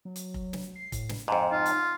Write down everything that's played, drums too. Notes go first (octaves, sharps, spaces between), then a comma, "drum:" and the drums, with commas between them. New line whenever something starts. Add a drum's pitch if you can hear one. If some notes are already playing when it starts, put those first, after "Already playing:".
F#3
drum: hi-hat
drum: kick F1
drum: snare
C7
A2, drum: kick F1, hi-hat
drum: snare
F2 G#2 A5
D#4 F4
drum: hi-hat